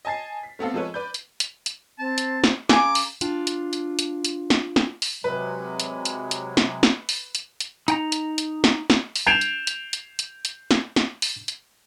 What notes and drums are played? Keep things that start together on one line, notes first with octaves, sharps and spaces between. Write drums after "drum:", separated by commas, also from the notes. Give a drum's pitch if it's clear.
D#5 G#5 A5 A6 C7
B6
A3 B3 C4 A4 F5
F3 G#3 A4 B4 C#5
B4 D5 B5 G6
drum: hi-hat
drum: hi-hat
drum: hi-hat
C4 A5
drum: hi-hat
drum: snare
C#3 G#5 A#5 D6, drum: snare
drum: open hi-hat
D4 F4 G5, drum: hi-hat
drum: hi-hat
drum: hi-hat
drum: hi-hat
drum: hi-hat
drum: snare
drum: snare
drum: open hi-hat
C3 F#3 G#3 B4
drum: hi-hat
drum: hi-hat
drum: hi-hat
drum: snare
drum: snare
drum: open hi-hat
drum: hi-hat
drum: hi-hat
D#4 G5 A#5, drum: hi-hat
drum: hi-hat
drum: hi-hat
drum: snare
drum: snare
drum: open hi-hat
G6 G#6 C7 D7 E7 F7
drum: hi-hat
drum: hi-hat
drum: hi-hat
drum: hi-hat
drum: hi-hat
drum: snare
drum: snare
drum: open hi-hat
drum: hi-hat